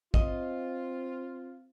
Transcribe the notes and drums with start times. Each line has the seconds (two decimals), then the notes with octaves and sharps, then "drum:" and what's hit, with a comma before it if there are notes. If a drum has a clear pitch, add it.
0.14 C4 F4 D#5, drum: kick